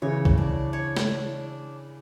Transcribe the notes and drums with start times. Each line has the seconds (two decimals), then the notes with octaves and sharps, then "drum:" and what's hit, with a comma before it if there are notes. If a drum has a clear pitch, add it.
0.02 C#3 E3 C#5
0.25 drum: kick
0.38 D4
0.73 C#5
0.97 drum: snare
1.08 D4